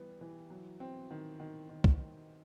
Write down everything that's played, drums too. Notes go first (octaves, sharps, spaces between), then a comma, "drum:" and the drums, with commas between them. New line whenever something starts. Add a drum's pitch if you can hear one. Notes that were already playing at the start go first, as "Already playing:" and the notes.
Already playing: E3 G3 B3
E3
F#3
C4
D#3
D#3
D#3
drum: kick
D#3